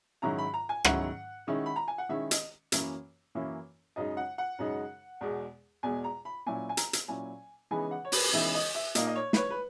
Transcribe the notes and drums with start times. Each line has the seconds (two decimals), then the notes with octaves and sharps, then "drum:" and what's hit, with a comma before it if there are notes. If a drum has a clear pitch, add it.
0.22 G#2 D#3 F#3 C#4 E4 A#5
0.38 B5
0.54 A#5
0.69 G#5
0.84 G#2 D#3 F#3 C#4 E4 F#5, drum: rim click
1.47 D#3 G#3 C#4 E4
1.66 B5
1.76 A#5
1.88 G#5
1.98 F#5
2.09 D#3 G#3 C#4 E4 E5
2.31 D#5, drum: hi-hat
2.72 F#2 E3 A#3 C#4 E4, drum: hi-hat
3.35 F#2 E3 A#3 C#4 E4
3.96 F#2 C#3 G#3 D#4 D#5
4.17 F#5
4.38 F#5
4.59 F#2 C#3 G#3 D#4
5.21 E2 B2 G#3
5.83 E2 B2 G#3 G#5
6.04 A#5
6.25 B5
6.46 A#2 F#3 C#4 E4 G#5
6.69 G#5
6.77 A#5, drum: hi-hat
6.93 drum: hi-hat
7.08 A#2 F#3 C#4 E4 G#5
7.71 C#3 E3 G#3 B3 D#4 G#5
7.91 F#5
8.05 C#5
8.12 B4, drum: open hi-hat
8.32 C#3 E3 G#3 B3 D#4 E5
8.54 D#5
8.75 E5
8.95 A#2 A#3 D#4 D#5, drum: hi-hat
9.07 D#5
9.15 C#5
9.33 B4, drum: snare
9.37 C#5
9.50 B4